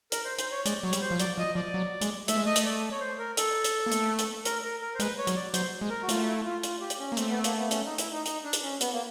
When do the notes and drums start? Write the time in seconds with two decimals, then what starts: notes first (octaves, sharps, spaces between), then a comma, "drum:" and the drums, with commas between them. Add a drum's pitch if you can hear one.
0.12 A#4, drum: hi-hat
0.25 C5
0.38 C5, drum: hi-hat
0.51 C#5
0.65 G#3 D5, drum: hi-hat
0.83 F#3 C#5
0.93 G3, drum: hi-hat
1.01 C5
1.11 F3
1.19 F#3 D5, drum: hi-hat
1.38 F3 D#5
1.55 F3 D5
1.74 F#3
2.01 G#3, drum: hi-hat
2.28 A3 E5, drum: hi-hat
2.37 G#3
2.46 A3 D#5
2.56 drum: hi-hat
2.65 D5
2.92 C#5
3.01 C5
3.19 A#4
3.37 A4, drum: hi-hat
3.64 drum: hi-hat
3.86 A#3
3.91 A3, drum: hi-hat
4.18 drum: hi-hat
4.45 A#4, drum: hi-hat
4.63 A#4
4.81 A#4
4.95 C5
4.99 G#3 B4, drum: hi-hat
5.18 C#5
5.27 F#3, drum: hi-hat
5.36 D5
5.54 F#3 C5, drum: hi-hat
5.81 G#3
5.90 A#4
6.02 F#4
6.09 A3 F4, drum: hi-hat
6.27 E4
6.44 F4
6.63 F4, drum: hi-hat
6.81 G4
6.90 drum: hi-hat
7.00 C#4
7.12 A#3
7.17 A3 C4, drum: hi-hat
7.30 B3
7.44 A#3, drum: hi-hat
7.58 B3
7.71 C#4, drum: hi-hat
7.85 D#4
7.98 E4, drum: hi-hat
8.12 D#4
8.25 D#4, drum: hi-hat
8.44 D4
8.53 drum: hi-hat
8.62 C#4
8.81 B3, drum: hi-hat
8.93 A#3